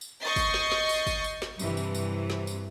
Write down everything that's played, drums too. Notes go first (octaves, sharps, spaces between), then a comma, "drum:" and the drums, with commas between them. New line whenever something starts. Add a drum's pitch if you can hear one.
drum: tambourine
D#5 C#6 G6 A6 C7
drum: kick, tambourine
drum: snare
drum: snare
drum: tambourine
drum: kick, tambourine
drum: tambourine
drum: snare
G2 C3 E3, drum: tambourine
drum: tambourine
drum: tambourine
drum: snare
drum: tambourine